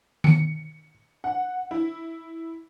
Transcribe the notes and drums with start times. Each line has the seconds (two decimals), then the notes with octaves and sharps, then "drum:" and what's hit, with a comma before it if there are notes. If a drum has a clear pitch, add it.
0.24 C#7, drum: tom D#3
1.24 F#5
1.71 E4